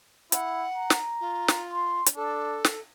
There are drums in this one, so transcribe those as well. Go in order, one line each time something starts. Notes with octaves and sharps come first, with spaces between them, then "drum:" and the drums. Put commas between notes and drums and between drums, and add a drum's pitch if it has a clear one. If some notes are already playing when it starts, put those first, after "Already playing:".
E4 F#5, drum: hi-hat
A#5
drum: snare
F4
drum: snare
C6
drum: hi-hat
D4 A4
drum: snare